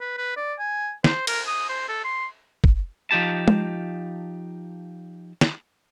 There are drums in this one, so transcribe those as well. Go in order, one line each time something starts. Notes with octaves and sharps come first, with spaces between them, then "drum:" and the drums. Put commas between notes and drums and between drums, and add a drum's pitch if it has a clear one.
B4
B4
D5
G#5
C5, drum: snare
A#4, drum: cymbal
D#6
C5
A4
C6
drum: kick
F3 D#4 G4 A5
drum: tom G#3
drum: snare